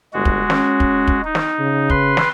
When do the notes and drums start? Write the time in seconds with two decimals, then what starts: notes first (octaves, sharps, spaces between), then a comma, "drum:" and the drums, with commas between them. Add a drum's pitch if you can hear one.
0.14 G1 G#3 F#4
0.25 drum: kick
0.50 C#4, drum: snare
0.80 drum: kick
1.07 drum: kick
1.25 D#4
1.35 drum: snare
1.59 C#3
1.90 B4 C6, drum: kick
2.17 drum: snare